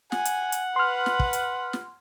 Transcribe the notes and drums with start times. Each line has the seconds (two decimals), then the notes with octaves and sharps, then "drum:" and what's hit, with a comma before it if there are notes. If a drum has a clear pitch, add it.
0.12 F#5 G#5, drum: snare
0.25 drum: hi-hat
0.52 drum: hi-hat
0.76 B4 C6 F6
1.06 drum: snare
1.19 drum: kick
1.33 drum: hi-hat
1.73 drum: snare